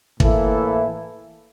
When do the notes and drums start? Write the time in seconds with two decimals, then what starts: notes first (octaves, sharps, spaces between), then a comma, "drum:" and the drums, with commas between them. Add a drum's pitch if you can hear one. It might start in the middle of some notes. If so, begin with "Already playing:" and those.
0.20 A2 E3 A#3 E4 A4, drum: kick